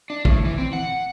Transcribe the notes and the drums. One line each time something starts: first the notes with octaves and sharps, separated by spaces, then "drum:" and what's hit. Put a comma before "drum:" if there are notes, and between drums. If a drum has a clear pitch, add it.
D4
A2, drum: kick
E3
C4
F#5